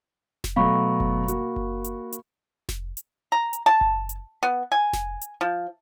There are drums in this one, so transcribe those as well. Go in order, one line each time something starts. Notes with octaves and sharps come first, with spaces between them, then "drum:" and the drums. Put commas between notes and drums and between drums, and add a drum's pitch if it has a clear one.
drum: snare F1
B2 F#3 A3 F5 B5 C#6
drum: kick F#1
A#3 F#4, drum: hi-hat
drum: kick F#1
drum: hi-hat
drum: hi-hat
drum: snare F1
drum: hi-hat
A#5
drum: hi-hat
A5
drum: kick F#1
drum: hi-hat
B3
G#5
drum: snare F1
drum: hi-hat
F3